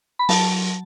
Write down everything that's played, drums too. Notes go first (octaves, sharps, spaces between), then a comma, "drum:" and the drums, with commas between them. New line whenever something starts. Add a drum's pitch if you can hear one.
B5
F#3 A5, drum: open hi-hat